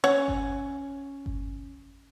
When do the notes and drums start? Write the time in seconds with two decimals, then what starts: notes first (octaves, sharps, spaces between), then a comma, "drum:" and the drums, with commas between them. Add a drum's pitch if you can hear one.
0.04 C#4 C#5 F#5
0.28 drum: kick G1
1.26 drum: kick G1